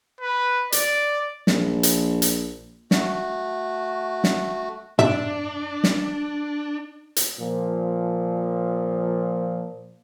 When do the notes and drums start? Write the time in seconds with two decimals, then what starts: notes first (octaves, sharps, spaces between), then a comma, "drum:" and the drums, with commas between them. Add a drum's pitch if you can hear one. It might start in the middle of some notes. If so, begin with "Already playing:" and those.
0.21 B4
0.72 D5, drum: hi-hat
1.47 A#1, drum: snare
1.83 drum: hi-hat
2.22 drum: hi-hat
2.91 A3 F#4, drum: snare
4.24 drum: snare
4.99 D4 E5, drum: tom
5.84 drum: snare
7.16 drum: hi-hat
7.40 A#2 F3